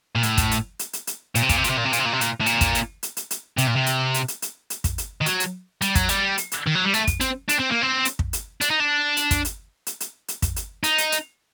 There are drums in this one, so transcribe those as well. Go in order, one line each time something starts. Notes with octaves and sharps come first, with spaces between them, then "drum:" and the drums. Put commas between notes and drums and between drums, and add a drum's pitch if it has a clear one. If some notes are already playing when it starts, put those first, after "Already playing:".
A#2
A2, drum: hi-hat
drum: kick, hi-hat
drum: hi-hat
drum: hi-hat
drum: hi-hat
drum: hi-hat
A#2, drum: hi-hat
C3
A#2, drum: kick, hi-hat
C3
A#2, drum: hi-hat
C3
A#2
C3
A#2, drum: hi-hat
C3
A#2
C3
A#2, drum: hi-hat
A2
A#2, drum: hi-hat
drum: kick, hi-hat
drum: hi-hat
drum: hi-hat
drum: hi-hat
drum: hi-hat
C3, drum: hi-hat
A#2
C3
drum: hi-hat
drum: hi-hat
drum: hi-hat
drum: hi-hat
drum: hi-hat
drum: kick, hi-hat
drum: hi-hat
D#3
F#3, drum: hi-hat
drum: hi-hat
G3, drum: hi-hat
F#3, drum: kick, hi-hat
G3, drum: hi-hat
drum: hi-hat
drum: hi-hat
D#3
F#3
G3
A3, drum: hi-hat
drum: kick, hi-hat
C4, drum: hi-hat
D4, drum: hi-hat
C4
A#3
C4
drum: hi-hat
drum: kick
drum: hi-hat
D4, drum: hi-hat
D#4
D4
drum: hi-hat
drum: kick, hi-hat
drum: hi-hat
drum: hi-hat
drum: hi-hat
drum: hi-hat
drum: kick, hi-hat
drum: hi-hat
D#4, drum: hi-hat
drum: hi-hat
drum: hi-hat